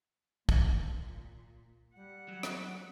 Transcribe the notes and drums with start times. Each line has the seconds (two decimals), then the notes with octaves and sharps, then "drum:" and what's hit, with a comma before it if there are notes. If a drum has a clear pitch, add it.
0.49 A#2, drum: kick
1.96 G3 F#5
2.28 F#3
2.43 drum: rim click